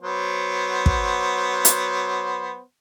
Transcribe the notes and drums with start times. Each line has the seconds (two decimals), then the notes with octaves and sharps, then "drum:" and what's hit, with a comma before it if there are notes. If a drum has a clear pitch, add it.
0.02 F#3 B3 C5
0.86 drum: kick
1.65 drum: hi-hat